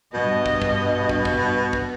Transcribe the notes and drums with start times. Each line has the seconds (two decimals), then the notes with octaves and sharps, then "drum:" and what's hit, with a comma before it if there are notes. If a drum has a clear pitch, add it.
0.14 G2 B2 D#5
0.46 drum: kick
0.62 drum: kick
1.09 drum: kick
1.25 drum: kick
1.73 drum: kick